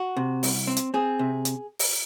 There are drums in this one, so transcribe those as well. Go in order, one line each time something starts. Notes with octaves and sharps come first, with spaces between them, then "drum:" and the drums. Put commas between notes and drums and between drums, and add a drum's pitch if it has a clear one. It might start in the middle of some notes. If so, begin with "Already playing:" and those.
Already playing: F#4
C3
C2, drum: open hi-hat
C4
drum: hi-hat
C4 G#4
C3
drum: hi-hat
drum: open hi-hat